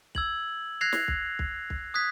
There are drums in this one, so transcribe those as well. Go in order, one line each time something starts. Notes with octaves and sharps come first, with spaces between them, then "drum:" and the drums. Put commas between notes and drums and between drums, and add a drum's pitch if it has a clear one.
E6 G#6 F#7, drum: kick
F#6 G#6 A#6 C7 F7
drum: snare
drum: kick
drum: kick
drum: kick
D#6 F#6 G#6 B6